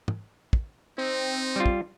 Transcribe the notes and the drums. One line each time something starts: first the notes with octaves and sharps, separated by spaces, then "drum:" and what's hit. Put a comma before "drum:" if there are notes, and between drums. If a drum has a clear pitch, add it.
drum: tom
drum: kick
C4 D#4
G3 F4
drum: kick